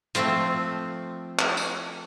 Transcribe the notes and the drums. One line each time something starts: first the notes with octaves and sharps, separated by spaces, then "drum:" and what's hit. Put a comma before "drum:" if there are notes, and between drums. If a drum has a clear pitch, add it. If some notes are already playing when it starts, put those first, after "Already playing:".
F3 A3 C4, drum: hi-hat
drum: clap
drum: tambourine